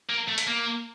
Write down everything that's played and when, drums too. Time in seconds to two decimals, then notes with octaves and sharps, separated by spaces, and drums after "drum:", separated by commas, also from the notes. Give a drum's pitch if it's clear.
0.10 A#3
0.28 A3
0.38 drum: hi-hat
0.47 A#3